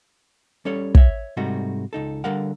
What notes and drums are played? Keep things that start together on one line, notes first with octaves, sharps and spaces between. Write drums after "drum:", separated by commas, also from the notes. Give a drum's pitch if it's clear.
G3 C#4 A4 C#5
C#5 E5, drum: kick
G#2 C3 G3 A3 D#4 F#4
C#2 D#4 A4
D3 G3 A#4 F5 F#5